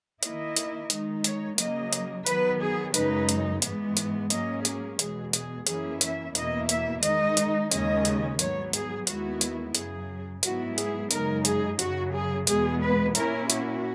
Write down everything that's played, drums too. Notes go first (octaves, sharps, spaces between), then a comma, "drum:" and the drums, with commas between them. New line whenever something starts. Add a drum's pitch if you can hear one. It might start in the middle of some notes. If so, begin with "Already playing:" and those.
D#3 A#3 E4 D#5, drum: hi-hat
drum: hi-hat
D#3 G#3 D#4, drum: hi-hat
C#5, drum: hi-hat
C#3 F#3 A#3 D#5, drum: hi-hat
drum: hi-hat
D#3 F#3 B3 B4, drum: hi-hat
G#4
F#2 C#3 G#3 D#4 B4, drum: hi-hat
drum: hi-hat
G#2 E3 G#3 B3, drum: hi-hat
drum: hi-hat
G#2 F#3 A#3 C#4 D#5, drum: hi-hat
G#4, drum: hi-hat
E2 B2 G#3 G#4, drum: hi-hat
G#4, drum: hi-hat
F#2 E3 A#3 C#4 E4 G#4, drum: hi-hat
E5, drum: hi-hat
E2 B2 A#3 E4 D#5, drum: hi-hat
E5, drum: hi-hat
D#3 G#3 D#4 D#5, drum: hi-hat
drum: hi-hat
D#2 C#3 G#3 C#4 D#5, drum: hi-hat
drum: hi-hat
G#2 F#3 B3 C#5, drum: hi-hat
G#4, drum: hi-hat
D#2 D#3 G#3 B3 E4 F#4, drum: hi-hat
drum: hi-hat
F#2 C#3 F#3 G#4, drum: hi-hat
G#2 F#3 B3 E4 F#4, drum: hi-hat
G#4, drum: hi-hat
F#2 C#3 G#3 D#4 A#4, drum: hi-hat
G#4, drum: hi-hat
F#2 C#3 F#3 F#4, drum: hi-hat
G#4
E2 B2 G#3 B3 G#4, drum: hi-hat
B4
A#2 A#3 C#4 E4 A#4, drum: hi-hat
F#4, drum: hi-hat